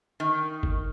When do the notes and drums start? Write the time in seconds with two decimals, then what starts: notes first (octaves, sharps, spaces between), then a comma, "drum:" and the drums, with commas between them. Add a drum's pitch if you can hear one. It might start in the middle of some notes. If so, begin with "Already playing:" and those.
0.20 D#3
0.63 drum: kick